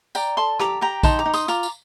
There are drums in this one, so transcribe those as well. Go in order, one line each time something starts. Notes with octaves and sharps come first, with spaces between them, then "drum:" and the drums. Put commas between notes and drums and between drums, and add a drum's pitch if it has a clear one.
D5 G5 A#5, drum: tambourine
A4 A5 C6
G4 A#5 D6, drum: rim click
G4 G5 A#5
D#4 A5 C6, drum: kick A#1, tambourine
A#5 D6
D#4
C6 D#6, drum: tambourine
F4 A#5 D6, drum: tambourine
drum: tambourine